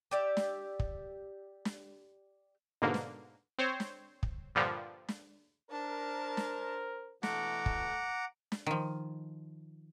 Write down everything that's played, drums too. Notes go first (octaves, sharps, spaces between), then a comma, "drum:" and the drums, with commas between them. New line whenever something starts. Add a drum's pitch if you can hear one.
G4 D5 E5
drum: snare
drum: kick
drum: snare
G#2 B2 D3 A#3
drum: snare
C4 C5 C#5
drum: snare
drum: kick
G2 A#2 D3 F3 G3
drum: snare
D4 A#4 C5 A5
drum: snare
B2 E3 A3 F#5 A#5 D6, drum: snare
drum: kick
drum: snare
D#3 F3